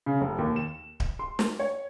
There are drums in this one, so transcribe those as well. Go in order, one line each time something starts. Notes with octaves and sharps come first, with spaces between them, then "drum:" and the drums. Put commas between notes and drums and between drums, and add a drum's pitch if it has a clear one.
C#3
F1
D#2
E7
drum: kick D1
C6
drum: snare
C#5